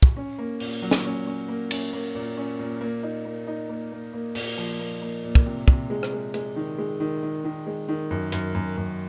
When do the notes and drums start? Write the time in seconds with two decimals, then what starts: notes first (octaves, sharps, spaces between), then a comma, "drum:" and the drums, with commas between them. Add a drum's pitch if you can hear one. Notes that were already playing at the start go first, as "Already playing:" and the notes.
0.03 drum: kick
0.17 C#4
0.38 A#3
0.60 A#2, drum: open hi-hat
0.82 F#3
0.91 drum: snare
1.05 C#4
1.27 C#4
1.49 A#3
1.71 C#4, drum: cymbal
1.93 A#3
2.15 A#2
2.37 C#4
2.59 A#2
2.81 A#3
3.03 D#4
3.25 A#3
3.47 D#4
3.69 A#3
3.92 A#3
4.13 A#3
4.35 A#2, drum: open hi-hat
4.58 F3
4.80 A#3
5.02 A#3
5.24 A#2
5.35 drum: kick
5.46 C3
5.68 C3, drum: kick
5.90 G#3
6.03 drum: rim click
6.12 G#3
6.34 G#3, drum: hi-hat
6.56 D#3
6.78 G#3
7.00 D#3
7.23 D#3
7.44 D#3
7.67 G#3
7.89 D#3
8.11 F#2
8.32 F#2, drum: hi-hat
8.55 F#2
8.77 F#2